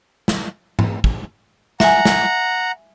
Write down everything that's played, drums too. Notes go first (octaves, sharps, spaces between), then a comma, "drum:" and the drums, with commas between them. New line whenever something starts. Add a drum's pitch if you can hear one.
drum: snare
drum: tom G#2
drum: kick
E5 F#5 G#5 A#5, drum: snare
drum: snare